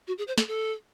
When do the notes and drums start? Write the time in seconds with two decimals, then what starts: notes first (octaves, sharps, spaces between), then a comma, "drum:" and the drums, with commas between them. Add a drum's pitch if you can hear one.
0.07 F#4
0.18 G#4
0.28 C5
0.38 A4, drum: snare
0.48 A4